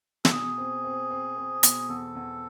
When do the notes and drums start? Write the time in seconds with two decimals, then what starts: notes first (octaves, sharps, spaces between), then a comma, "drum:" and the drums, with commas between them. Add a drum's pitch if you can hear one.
0.25 A4, drum: snare
0.31 B2 G#4
0.58 C4
0.84 C4
1.10 C4
1.36 C4
1.63 B2, drum: hi-hat
1.89 E2 A4
2.15 E2